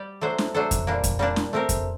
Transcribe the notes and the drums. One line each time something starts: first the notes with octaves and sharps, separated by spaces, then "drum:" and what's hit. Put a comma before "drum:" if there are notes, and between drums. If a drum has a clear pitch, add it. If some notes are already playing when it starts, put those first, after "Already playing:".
Already playing: G3 G4 D5
F#3 A3 D4 A4 C5
drum: snare
F#3 A3 D4 A4 C5
drum: kick F2, hi-hat
A#2 G3 A#3 D4
drum: kick F2, hi-hat
A#2 G3 A#3 D4
drum: snare
A3 C4 G4 A#4
drum: kick F2, hi-hat